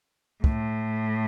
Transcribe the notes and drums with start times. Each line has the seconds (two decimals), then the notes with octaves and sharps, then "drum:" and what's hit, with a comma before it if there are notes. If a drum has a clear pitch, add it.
0.44 A2, drum: kick